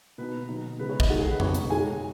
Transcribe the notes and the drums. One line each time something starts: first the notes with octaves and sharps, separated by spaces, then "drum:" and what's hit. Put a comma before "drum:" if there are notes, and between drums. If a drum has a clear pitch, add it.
B2 B3 D#4 B4
B2 F#3 D#4
C#3 G#3 B3 D#4 B4
C#5
D#5, drum: kick
D#3 G#3 D#4 F#5
G#4
B4
B2 B3 D#4 C#5, drum: tom F2
drum: hi-hat
D#3 G#3 D#4 G#5